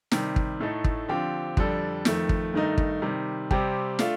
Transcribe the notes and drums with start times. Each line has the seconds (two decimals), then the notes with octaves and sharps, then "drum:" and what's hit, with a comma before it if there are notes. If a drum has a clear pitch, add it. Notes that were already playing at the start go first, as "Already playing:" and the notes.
0.11 C3 D#3 G3, drum: snare
0.36 drum: kick
0.60 A2 A3 D#4 A4
0.84 drum: kick
1.08 D3 F3 C4 G4
1.57 F2 D3 G3 D4 A4, drum: kick
2.05 F2 D#3 A3, drum: snare
2.29 drum: kick
2.54 G2 D#3 A3 D#4
2.78 drum: kick
3.02 C3 D#3 G3
3.51 C3 G3 C4 G4, drum: kick
3.99 A3 D4 F4, drum: snare